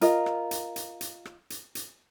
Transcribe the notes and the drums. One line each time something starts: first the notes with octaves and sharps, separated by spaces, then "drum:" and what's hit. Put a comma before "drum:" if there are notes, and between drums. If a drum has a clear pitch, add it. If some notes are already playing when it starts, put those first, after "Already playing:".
F4 A#4 D#5, drum: hi-hat
drum: rim click
drum: hi-hat
drum: hi-hat
drum: hi-hat
drum: rim click
drum: hi-hat
drum: hi-hat